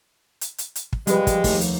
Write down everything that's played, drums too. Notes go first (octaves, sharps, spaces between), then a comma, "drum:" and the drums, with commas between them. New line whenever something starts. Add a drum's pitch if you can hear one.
drum: hi-hat
drum: hi-hat
drum: hi-hat
drum: kick
F3 G3 G#3 G4 B4, drum: hi-hat
drum: kick, hi-hat
F1 D#2 A3, drum: kick, open hi-hat
drum: hi-hat